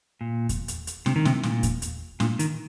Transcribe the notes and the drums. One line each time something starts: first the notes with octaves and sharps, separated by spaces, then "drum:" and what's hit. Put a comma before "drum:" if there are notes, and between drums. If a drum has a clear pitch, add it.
A#2
drum: kick E2, hi-hat
drum: hi-hat
drum: hi-hat
C3, drum: snare
D#3
C3, drum: snare
A#2, drum: snare
drum: kick E2, hi-hat
drum: hi-hat
A#2, drum: snare
D#3, drum: hi-hat